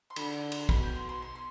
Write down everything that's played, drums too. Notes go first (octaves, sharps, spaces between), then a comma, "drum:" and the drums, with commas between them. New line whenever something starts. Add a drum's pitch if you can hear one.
C6
D3 B5, drum: cymbal
C6
D6
C6, drum: cymbal
B2 B5, drum: kick
G5
C6
C6
C6
C6